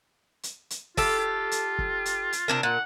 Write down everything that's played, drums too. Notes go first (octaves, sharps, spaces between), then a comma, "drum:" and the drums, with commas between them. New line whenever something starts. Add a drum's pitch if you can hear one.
drum: hi-hat
drum: hi-hat
F4 G4 A4, drum: kick, open hi-hat
F4
drum: hi-hat
drum: kick
drum: hi-hat
drum: hi-hat
C3 D4 A#4
A#2 F#5